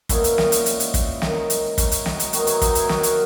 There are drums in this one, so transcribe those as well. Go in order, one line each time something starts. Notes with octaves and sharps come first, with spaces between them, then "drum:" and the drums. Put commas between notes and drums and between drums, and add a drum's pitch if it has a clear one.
A#2 G#3 B3 C#4 E4, drum: kick, hi-hat
drum: hi-hat
drum: snare
drum: hi-hat
drum: hi-hat
drum: hi-hat
drum: kick, hi-hat
D#3 G#3 C#4 D#4, drum: snare
C#4
drum: hi-hat
D#4
C#4 E4, drum: kick, hi-hat
drum: hi-hat
D#4 F#4, drum: snare
drum: hi-hat
D#3 F#3 B3 D#4 F#4, drum: hi-hat
E4 G#4, drum: hi-hat
D#4 F#4, drum: kick, hi-hat
E4 G#4, drum: hi-hat
F#4 A#4, drum: snare
drum: hi-hat